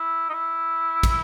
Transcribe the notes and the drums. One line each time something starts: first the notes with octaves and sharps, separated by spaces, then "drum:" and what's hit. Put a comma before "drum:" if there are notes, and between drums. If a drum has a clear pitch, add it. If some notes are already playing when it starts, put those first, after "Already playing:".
Already playing: E4
D#4
E4
drum: kick, cymbal